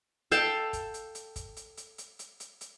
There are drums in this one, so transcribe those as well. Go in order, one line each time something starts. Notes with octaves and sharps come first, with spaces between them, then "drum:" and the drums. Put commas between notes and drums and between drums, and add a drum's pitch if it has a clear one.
A4 F5 G5 A5, drum: hi-hat
drum: kick, hi-hat
drum: hi-hat
drum: hi-hat
drum: kick, hi-hat
drum: hi-hat
drum: hi-hat
drum: hi-hat
drum: hi-hat
drum: hi-hat
drum: hi-hat